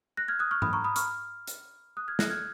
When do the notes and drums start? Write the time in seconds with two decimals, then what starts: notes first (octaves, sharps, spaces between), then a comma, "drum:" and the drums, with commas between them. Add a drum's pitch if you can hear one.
0.17 F#6 A#6
0.28 F6 G#6
0.39 D#6 F#6
0.51 C#6 F6
0.62 B5 D#6, drum: tom G#2
0.73 A#5 C#6
0.84 B5 D#6
0.96 C#6 F6, drum: hi-hat
1.47 drum: hi-hat
1.97 D#6 F#6
2.08 F6 G#6
2.19 F#6 A#6, drum: snare
2.30 F6 G#6